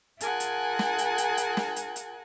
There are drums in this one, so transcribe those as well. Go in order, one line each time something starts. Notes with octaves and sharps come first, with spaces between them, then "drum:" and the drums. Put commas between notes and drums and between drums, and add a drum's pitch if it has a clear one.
F4 G#4 A#4 F#5 G#5 A5, drum: hi-hat
drum: hi-hat
drum: snare
drum: hi-hat
drum: hi-hat
drum: hi-hat
drum: snare
drum: hi-hat
drum: hi-hat